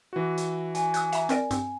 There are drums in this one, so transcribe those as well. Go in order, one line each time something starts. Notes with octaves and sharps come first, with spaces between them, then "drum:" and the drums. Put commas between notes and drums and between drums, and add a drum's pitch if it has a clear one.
E3 F#4
drum: hi-hat
G#5, drum: hi-hat
D#6 F#6, drum: hi-hat
E5 A#5, drum: hi-hat
C4 A#4 D5, drum: hi-hat
G2 C4, drum: hi-hat